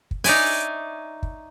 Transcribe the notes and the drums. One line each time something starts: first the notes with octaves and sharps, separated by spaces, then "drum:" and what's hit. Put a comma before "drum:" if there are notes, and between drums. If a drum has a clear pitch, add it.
drum: kick
D#4 C#5 D5 E5 G#5, drum: open hi-hat
drum: kick